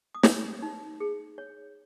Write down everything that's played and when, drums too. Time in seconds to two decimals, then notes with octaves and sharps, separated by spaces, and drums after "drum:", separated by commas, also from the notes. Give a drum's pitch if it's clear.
0.15 D#6
0.23 C#5 E6, drum: snare
0.62 D#4
1.00 G#4
1.38 C#5